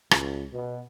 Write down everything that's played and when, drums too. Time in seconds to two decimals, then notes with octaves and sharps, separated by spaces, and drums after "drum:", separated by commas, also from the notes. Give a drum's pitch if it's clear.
0.11 C#2, drum: rim click
0.52 B2